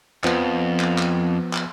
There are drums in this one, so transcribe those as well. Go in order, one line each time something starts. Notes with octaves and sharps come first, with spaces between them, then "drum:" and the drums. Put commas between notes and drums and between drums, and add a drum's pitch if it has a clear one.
F2 F3 B3, drum: clap
drum: clap
drum: clap
drum: clap